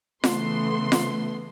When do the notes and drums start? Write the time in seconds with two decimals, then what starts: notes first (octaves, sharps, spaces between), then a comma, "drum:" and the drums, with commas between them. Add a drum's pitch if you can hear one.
0.24 C#3 E3 A3 B3 C6, drum: snare F4
0.92 drum: snare F4